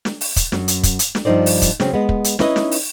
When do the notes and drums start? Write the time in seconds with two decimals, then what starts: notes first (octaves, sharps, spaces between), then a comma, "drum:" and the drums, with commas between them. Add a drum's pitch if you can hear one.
0.05 drum: snare
0.21 drum: open hi-hat
0.36 drum: kick, hi-hat
0.52 F#2, drum: snare
0.68 drum: hi-hat
0.83 drum: kick, hi-hat
0.99 drum: hi-hat
1.15 drum: snare
1.25 G2 F3 B3 D#4 C5 D5
1.46 drum: open hi-hat
1.62 drum: kick, hi-hat
1.80 C#3 F#3 C4 C#4, drum: snare
1.94 G#3 B3
2.09 drum: kick
2.24 drum: hi-hat
2.39 C#4 D#4 E4 B4 C#5 D#5, drum: snare
2.56 drum: snare
2.71 drum: open hi-hat